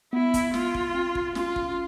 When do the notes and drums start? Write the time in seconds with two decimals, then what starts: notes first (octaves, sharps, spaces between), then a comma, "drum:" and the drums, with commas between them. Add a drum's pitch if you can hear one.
0.13 B3 E4
0.34 drum: kick, hi-hat
0.54 F4, drum: snare
0.74 drum: kick
0.95 C4
1.15 drum: kick
1.35 C#4 F4, drum: snare
1.56 drum: kick